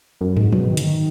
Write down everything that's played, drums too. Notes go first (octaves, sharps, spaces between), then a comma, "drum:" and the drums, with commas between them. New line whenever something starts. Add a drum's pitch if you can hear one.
F#2
G#2, drum: tom
B2, drum: tom F3
D#3
C#3, drum: hi-hat
D#3